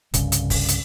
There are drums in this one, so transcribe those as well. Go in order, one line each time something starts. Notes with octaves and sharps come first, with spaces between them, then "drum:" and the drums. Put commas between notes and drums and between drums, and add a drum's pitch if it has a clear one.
C2 G2 C#3, drum: kick F1, hi-hat
drum: hi-hat
drum: kick F1, open hi-hat
drum: hi-hat